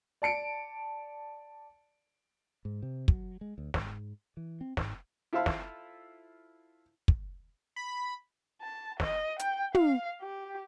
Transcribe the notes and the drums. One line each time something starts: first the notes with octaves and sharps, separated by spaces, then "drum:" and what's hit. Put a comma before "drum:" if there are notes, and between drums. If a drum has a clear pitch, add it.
D5 A5 C#7 D7
G#2
C3
F#3, drum: kick
G#3
D2
G#2, drum: snare
E3
C4
G#2, drum: snare
E4 F4 A4 C5 E5 F5
drum: snare
drum: kick
B5
A5
D#5, drum: snare
G5, drum: hi-hat
F5, drum: tom
G4